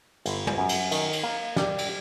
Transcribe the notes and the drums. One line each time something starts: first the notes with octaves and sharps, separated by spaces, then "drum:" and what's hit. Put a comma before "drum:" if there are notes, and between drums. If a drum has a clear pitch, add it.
G1, drum: cymbal
drum: tom
F#2
drum: cymbal
D#3, drum: cymbal
drum: cymbal
A#3
G3, drum: snare
drum: cymbal